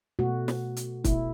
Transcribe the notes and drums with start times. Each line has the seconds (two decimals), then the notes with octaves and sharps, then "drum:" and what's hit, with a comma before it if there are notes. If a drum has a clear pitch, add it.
0.19 B2 A3 F#4
0.48 drum: snare
0.77 drum: hi-hat
1.04 B2 A3 E4, drum: kick, hi-hat